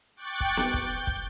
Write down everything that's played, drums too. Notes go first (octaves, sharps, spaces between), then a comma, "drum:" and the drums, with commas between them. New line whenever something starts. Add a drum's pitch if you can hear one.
G5 C#6 D6 F#6 A6
drum: kick
drum: snare B3
G6, drum: kick
drum: kick